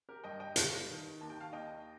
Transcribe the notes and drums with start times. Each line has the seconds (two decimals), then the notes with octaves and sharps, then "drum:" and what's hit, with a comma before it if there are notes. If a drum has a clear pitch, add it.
0.09 G4 A#4
0.24 G2 D#5 G5
0.40 D#5 G5
0.56 G3 F5 A5, drum: hi-hat
0.89 D#3
1.21 D#2 A5
1.30 G5
1.40 F5 A5
1.52 D#2 D#5 G5